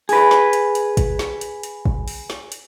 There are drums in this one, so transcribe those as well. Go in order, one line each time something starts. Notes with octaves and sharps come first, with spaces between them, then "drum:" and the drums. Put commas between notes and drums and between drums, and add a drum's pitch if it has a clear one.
G#4 B4, drum: open hi-hat
drum: snare
drum: hi-hat
drum: hi-hat
drum: kick, hi-hat
drum: snare
drum: hi-hat
drum: hi-hat
drum: kick
drum: open hi-hat
drum: snare
drum: hi-hat